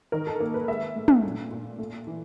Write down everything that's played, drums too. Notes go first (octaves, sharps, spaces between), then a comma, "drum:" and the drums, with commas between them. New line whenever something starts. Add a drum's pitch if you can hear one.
D#3 A#4
A4
A#3 A#4
B4
G#3 E5
A2
drum: tom
A#2
A#2
A3
E3